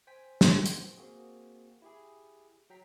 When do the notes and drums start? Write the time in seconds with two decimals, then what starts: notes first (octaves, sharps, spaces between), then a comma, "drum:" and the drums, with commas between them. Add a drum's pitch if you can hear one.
0.07 C5 G5 G#5 B6
0.41 drum: snare
0.66 drum: hi-hat
0.98 A#3 C4 F#4 G#4
1.82 E4 G4 G#4
2.70 F#3 G5 A#5 B6 C7